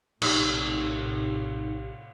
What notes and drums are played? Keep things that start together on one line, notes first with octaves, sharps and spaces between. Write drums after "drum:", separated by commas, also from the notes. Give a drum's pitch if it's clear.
A#1 A2 C3 D#4 G4, drum: cymbal